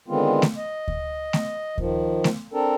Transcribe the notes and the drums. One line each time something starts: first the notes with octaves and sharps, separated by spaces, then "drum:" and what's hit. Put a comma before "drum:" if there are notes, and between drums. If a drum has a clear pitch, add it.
D3 D#3 G#3 B3 C4 F4
drum: snare A3
D#5
drum: kick D2
drum: snare A3
D#3 F3, drum: kick D2
drum: snare A3
C4 D4 A4 A#4